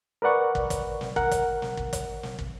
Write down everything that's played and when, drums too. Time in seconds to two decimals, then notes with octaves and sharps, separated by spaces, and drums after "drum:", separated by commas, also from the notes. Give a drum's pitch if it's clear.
0.22 A#4 B4 D5 F#5 C#6
0.55 drum: kick
0.70 drum: kick, hi-hat
1.01 drum: snare
1.16 A#4 F#5, drum: kick
1.31 drum: kick, hi-hat
1.62 drum: snare
1.77 drum: kick
1.93 drum: kick, hi-hat
2.23 drum: snare
2.39 drum: kick